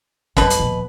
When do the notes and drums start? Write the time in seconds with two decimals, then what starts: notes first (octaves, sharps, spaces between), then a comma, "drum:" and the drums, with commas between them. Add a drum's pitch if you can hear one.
0.37 F#2 B2 G3 B4, drum: snare
0.50 drum: hi-hat
0.59 D#1 F3